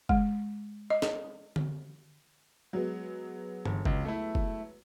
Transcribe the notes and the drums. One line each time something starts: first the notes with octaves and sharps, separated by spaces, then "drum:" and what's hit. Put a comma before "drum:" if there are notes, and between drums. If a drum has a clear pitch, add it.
G#3, drum: kick
D#5
drum: snare
drum: tom D3
F#3 G#3 B3
G1, drum: tom G2
C#2, drum: kick
A3 E4
drum: kick